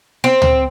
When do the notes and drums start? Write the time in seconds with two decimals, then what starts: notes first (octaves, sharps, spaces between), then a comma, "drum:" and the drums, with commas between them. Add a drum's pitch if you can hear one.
0.24 C4
0.42 drum: tom C#2